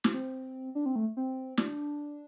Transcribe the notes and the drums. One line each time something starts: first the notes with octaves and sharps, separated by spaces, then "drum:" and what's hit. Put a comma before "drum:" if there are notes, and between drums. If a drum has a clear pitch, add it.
drum: snare
C4
D4
C4
A3
C4
D4, drum: snare